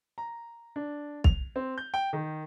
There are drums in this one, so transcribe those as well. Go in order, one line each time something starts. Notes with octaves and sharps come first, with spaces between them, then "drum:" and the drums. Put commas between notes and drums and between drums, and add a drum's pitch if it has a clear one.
A#5
D4
F7, drum: kick
C4
G6
G5
D#3